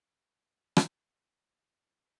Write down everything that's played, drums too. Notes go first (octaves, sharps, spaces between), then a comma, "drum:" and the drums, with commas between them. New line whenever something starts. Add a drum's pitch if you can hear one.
G4 B4 E5
drum: rim click